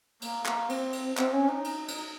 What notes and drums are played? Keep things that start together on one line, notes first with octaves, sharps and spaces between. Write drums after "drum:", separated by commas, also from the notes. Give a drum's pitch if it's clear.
A#3, drum: cymbal
A#3, drum: clap
C4, drum: cymbal
drum: cymbal
C4, drum: clap
C#4
D#4
drum: cymbal
drum: cymbal